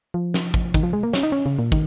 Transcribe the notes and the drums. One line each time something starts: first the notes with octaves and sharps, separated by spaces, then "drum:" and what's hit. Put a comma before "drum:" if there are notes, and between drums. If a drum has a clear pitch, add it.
F3
drum: snare
drum: kick
D#3, drum: kick, hi-hat
F3
G#3
A#3
C#4, drum: snare
D#4
C#4
C#3
A#2
D#3, drum: kick